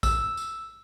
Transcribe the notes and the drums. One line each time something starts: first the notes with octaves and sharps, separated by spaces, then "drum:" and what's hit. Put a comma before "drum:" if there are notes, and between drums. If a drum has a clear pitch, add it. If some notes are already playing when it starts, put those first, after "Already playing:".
E6, drum: kick A#1, tambourine
drum: tambourine